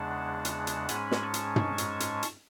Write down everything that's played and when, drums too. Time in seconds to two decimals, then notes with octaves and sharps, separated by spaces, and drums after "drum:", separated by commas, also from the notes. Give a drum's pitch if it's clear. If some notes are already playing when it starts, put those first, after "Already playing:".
Already playing: E2 C#3 G#3 D4 F#5 A5
0.45 drum: hi-hat
0.67 drum: hi-hat
0.89 G#2 G#3 C#4 G#5 B5, drum: hi-hat
1.11 drum: snare
1.23 A5 C#6
1.34 drum: hi-hat
1.56 drum: tom
1.78 drum: hi-hat
2.00 drum: hi-hat
2.23 drum: hi-hat